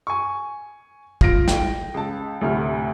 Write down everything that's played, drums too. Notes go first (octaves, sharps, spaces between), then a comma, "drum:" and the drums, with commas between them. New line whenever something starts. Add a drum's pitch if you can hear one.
G#5 C#6
F4 A#6 D7, drum: kick
G5, drum: snare
C#2 A5
D2 A2 C3 E4 F6